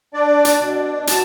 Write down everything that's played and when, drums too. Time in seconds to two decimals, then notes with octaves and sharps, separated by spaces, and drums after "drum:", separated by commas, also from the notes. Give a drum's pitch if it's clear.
0.14 D4 D5
0.45 drum: hi-hat
0.60 B2
1.07 B2 A5, drum: hi-hat